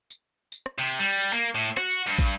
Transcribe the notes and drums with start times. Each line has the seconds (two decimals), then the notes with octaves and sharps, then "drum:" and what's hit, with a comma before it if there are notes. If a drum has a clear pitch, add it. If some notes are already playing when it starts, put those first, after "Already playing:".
0.10 drum: tambourine
0.52 drum: tambourine
0.66 drum: rim click
0.78 C3, drum: tambourine
0.99 G3
1.21 drum: tambourine
1.33 A#3, drum: tambourine
1.55 A2
1.77 F#4, drum: rim click
1.91 drum: tambourine
2.06 G2, drum: tambourine
2.19 drum: kick, tambourine